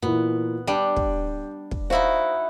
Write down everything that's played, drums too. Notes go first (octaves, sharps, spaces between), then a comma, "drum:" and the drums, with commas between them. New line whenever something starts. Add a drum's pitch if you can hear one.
A#2 E3 B3
G3 D4 G5
drum: kick
drum: kick
D#4 E4 F#4 C5 F5